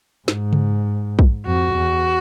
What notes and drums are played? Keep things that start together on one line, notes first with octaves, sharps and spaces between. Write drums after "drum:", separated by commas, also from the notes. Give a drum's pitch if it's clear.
G#2, drum: snare
drum: tom C#3
drum: kick
F2 F#4
E2